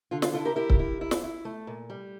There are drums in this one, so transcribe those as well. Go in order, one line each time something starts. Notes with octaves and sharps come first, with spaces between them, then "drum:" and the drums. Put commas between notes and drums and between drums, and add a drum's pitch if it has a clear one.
D3 F4
F4, drum: snare
E4 F4 A4
G4 A#4
E4 G4 A#4
drum: kick C#1
E4
E4
drum: snare
E4
A3
A#2
G3